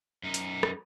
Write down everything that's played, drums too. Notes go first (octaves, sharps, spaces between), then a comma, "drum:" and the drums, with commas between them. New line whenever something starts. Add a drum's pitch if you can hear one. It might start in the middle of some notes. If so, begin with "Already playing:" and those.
F#2 D#4
drum: hi-hat
drum: rim click